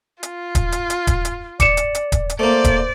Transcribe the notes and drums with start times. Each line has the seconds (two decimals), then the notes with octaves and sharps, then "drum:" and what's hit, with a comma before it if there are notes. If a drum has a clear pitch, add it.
0.23 F4, drum: hi-hat
0.55 drum: kick D#1, hi-hat
0.72 drum: hi-hat
0.90 drum: hi-hat
1.07 drum: kick D#1, hi-hat
1.25 drum: hi-hat
1.60 D5 D6 C#7 E7, drum: kick D#1, hi-hat
1.77 drum: hi-hat
1.95 drum: hi-hat
2.12 drum: kick D#1, hi-hat
2.30 drum: hi-hat
2.39 A3 A#3 C5 D5
2.64 drum: kick D#1, hi-hat